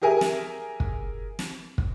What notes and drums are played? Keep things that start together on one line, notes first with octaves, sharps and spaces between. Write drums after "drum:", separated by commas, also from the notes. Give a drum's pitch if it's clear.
G4 G#4 A#4 E5 G#5
drum: snare
drum: kick
drum: snare
drum: kick